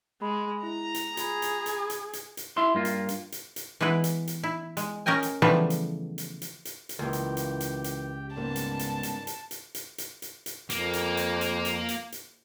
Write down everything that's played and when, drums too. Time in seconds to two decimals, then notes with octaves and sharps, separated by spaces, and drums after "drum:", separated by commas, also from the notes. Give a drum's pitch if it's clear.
0.22 G#3 B5
0.63 E4 A#5
0.95 drum: hi-hat
1.17 F4 G#4 B5, drum: hi-hat
1.42 drum: hi-hat
1.66 drum: hi-hat
1.90 drum: hi-hat
2.13 drum: hi-hat
2.37 drum: hi-hat
2.57 E4 E5 C6
2.75 G2 A#3 F4
2.85 drum: hi-hat
3.09 drum: hi-hat
3.32 drum: hi-hat
3.56 drum: hi-hat
3.81 E3 G#3 B3 E4 B4
4.04 drum: hi-hat
4.27 drum: hi-hat
4.43 E4
4.77 G#3, drum: hi-hat
5.06 C#4 A#4 D#5 G5 G#5
5.23 drum: hi-hat
5.42 C#3 E3 F3 G3 A3 B3
5.70 drum: hi-hat
6.18 drum: hi-hat
6.42 drum: hi-hat
6.65 drum: hi-hat
6.89 drum: hi-hat
6.99 C#2 E3 A#3 G4 G5
7.13 drum: hi-hat
7.37 drum: hi-hat
7.60 drum: hi-hat
7.84 drum: hi-hat
8.36 G#2 C#3 G3 G#3 A#3 B3 A5
8.56 drum: hi-hat
8.79 drum: hi-hat
9.03 drum: hi-hat
9.27 drum: hi-hat
9.51 drum: hi-hat
9.75 drum: hi-hat
9.98 drum: hi-hat
10.22 drum: hi-hat
10.46 drum: hi-hat
10.70 F2 A#3, drum: hi-hat
10.93 drum: hi-hat
11.17 drum: hi-hat
11.41 drum: hi-hat
11.65 drum: hi-hat
11.89 drum: hi-hat
12.12 drum: hi-hat